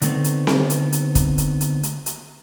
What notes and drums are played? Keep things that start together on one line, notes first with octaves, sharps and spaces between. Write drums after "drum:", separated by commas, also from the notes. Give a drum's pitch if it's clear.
D3 D#3 A3 B3 C4, drum: hi-hat
drum: hi-hat
drum: snare C4
drum: hi-hat
drum: hi-hat
drum: kick, hi-hat
drum: hi-hat
drum: hi-hat
drum: hi-hat
drum: hi-hat